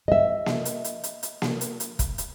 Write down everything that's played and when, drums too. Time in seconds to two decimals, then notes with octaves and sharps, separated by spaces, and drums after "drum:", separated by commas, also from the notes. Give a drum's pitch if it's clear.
0.08 D#5 E5
0.46 drum: snare A#3
0.65 drum: hi-hat
0.84 drum: hi-hat
1.04 drum: hi-hat
1.23 drum: hi-hat
1.42 drum: snare A#3
1.61 drum: hi-hat
1.80 drum: hi-hat
1.99 drum: kick, hi-hat
2.18 drum: hi-hat